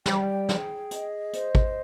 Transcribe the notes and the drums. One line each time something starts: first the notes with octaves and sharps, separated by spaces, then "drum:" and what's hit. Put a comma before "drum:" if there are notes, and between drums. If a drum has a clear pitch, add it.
G3 G5, drum: snare
G#4, drum: snare
D#5, drum: hi-hat
C5, drum: hi-hat
drum: kick